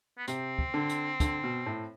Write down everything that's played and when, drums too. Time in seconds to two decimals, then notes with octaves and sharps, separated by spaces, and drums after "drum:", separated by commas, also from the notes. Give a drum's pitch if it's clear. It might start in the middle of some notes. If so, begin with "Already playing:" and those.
0.18 B3
0.28 C3 C4, drum: hi-hat
0.59 drum: kick
0.74 D3
0.89 drum: hi-hat
1.20 D3, drum: kick, hi-hat
1.44 B2
1.66 A2